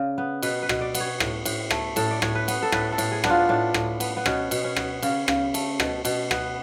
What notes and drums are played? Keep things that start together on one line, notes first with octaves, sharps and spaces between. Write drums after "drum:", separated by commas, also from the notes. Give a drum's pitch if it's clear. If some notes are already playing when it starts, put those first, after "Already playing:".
Already playing: C#3 D5
B3
B2 B4, drum: cymbal
B4
B2, drum: rim click
D5
B3, drum: cymbal
C#5
A2, drum: rim click
A2, drum: cymbal
A3, drum: rim click
A2 A4, drum: cymbal
D5
A2 C#5, drum: rim click
B4
B3, drum: cymbal
A4
A2 B4, drum: rim click
A4
A2, drum: cymbal
G#4
B3 D4, drum: rim click
F4
A2 D4
A2, drum: rim click
B3, drum: cymbal
B3
B2 C#4, drum: rim click
B2, drum: cymbal
C#4
B3, drum: rim click
C#3 C#4, drum: cymbal
C#3, drum: rim click
A3, drum: cymbal
B2, drum: rim click
B2, drum: cymbal
B3, drum: rim click